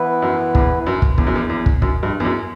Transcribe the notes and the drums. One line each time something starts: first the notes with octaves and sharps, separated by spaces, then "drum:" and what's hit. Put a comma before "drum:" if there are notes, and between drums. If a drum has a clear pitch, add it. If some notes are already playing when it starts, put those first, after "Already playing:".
Already playing: E3 B3 E4 B4
F#2
E2, drum: kick
F#2
drum: kick
E2, drum: kick
F#2
E2
E2
drum: kick
F#2, drum: kick
G2
E2
F#2